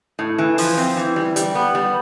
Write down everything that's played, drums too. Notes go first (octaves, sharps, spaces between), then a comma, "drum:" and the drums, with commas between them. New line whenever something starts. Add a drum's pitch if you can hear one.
A2
E3
F3, drum: open hi-hat
C4
E3
G3
G3, drum: hi-hat
B3
G3